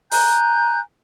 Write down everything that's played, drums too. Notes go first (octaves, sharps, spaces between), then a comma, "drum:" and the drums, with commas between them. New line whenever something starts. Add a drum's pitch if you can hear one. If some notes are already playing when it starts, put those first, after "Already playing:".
G#5 A#5 F#6 G6, drum: open hi-hat